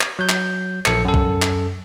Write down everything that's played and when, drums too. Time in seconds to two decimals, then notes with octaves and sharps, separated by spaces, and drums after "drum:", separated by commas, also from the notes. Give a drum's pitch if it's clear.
0.01 drum: clap
0.19 F#3 G6
0.29 drum: clap
0.86 A#1 A4 C#7, drum: clap
1.05 F#2 A4
1.14 drum: kick
1.42 drum: clap